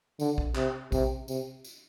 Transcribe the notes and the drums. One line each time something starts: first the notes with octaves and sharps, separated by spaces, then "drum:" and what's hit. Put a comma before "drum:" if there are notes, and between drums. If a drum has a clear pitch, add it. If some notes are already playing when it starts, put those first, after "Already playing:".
D3, drum: tambourine
drum: kick A#1
C3, drum: clap
C3, drum: kick A#1, tambourine
C3, drum: tambourine
drum: tambourine